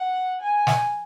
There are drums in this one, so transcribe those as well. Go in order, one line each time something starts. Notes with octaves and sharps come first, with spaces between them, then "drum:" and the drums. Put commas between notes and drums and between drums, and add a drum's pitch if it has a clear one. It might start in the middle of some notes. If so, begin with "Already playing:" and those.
Already playing: F#5
G#5
drum: snare